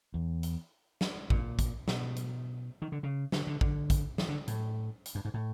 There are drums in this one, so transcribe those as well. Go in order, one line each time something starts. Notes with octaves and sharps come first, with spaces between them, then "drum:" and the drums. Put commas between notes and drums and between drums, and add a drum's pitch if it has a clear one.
E2
drum: hi-hat
drum: snare
A#2, drum: kick A1
drum: kick A1, hi-hat
B2, drum: snare
drum: hi-hat
D#3
D3
C#3
D3, drum: snare
D3
D3, drum: kick A1
drum: kick A1, hi-hat
E3, drum: snare
D3
A2, drum: hi-hat
drum: hi-hat
G2
G#2
A2